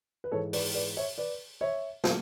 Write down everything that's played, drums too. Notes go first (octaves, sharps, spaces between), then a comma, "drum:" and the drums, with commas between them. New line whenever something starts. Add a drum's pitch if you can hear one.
B4
G#2 E3 A4 C#5
B4 D5, drum: open hi-hat
B4 D5
C#5 E5
B4 D5
C#5 E5
C#3 F#3, drum: snare